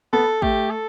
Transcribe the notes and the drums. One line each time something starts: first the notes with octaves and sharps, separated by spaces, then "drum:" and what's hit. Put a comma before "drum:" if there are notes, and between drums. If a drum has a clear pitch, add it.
B3 A4
A3 G4, drum: kick
A4